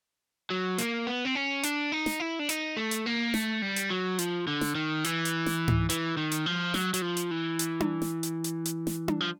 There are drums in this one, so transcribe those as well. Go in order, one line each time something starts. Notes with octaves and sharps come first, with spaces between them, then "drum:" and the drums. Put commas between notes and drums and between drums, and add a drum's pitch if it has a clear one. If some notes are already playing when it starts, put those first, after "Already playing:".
F#3
A#3, drum: hi-hat
B3
C4
C#4
D4, drum: hi-hat
D#4
drum: snare
E4
D4
D#4, drum: hi-hat
A3
drum: hi-hat
A#3
A3, drum: snare
G3
drum: hi-hat
F#3
F3, drum: hi-hat
D3
drum: snare
D#3
E3, drum: hi-hat
drum: hi-hat
drum: snare
drum: tom G#2
E3, drum: hi-hat
D#3
drum: hi-hat
F3
F#3, drum: snare
F#3, drum: hi-hat
F3
drum: hi-hat
E3
drum: hi-hat
drum: tom D4
drum: snare
drum: hi-hat
drum: hi-hat
drum: hi-hat
drum: snare
drum: tom D4
F3